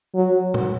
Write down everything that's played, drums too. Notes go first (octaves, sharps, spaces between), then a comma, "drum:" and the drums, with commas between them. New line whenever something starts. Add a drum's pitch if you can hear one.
F#3
drum: tom